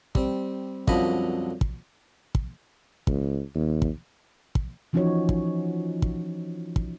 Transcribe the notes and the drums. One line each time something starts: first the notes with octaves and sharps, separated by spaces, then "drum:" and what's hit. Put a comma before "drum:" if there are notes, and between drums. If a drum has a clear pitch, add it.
G3 C4, drum: kick
C2 F#2 D3 F3 D#5 B5, drum: kick
drum: kick
drum: kick
C#2, drum: kick
D#2
drum: kick
drum: kick
E3 F3 C#4 D#4 F#4 C#5
drum: kick
drum: kick
drum: kick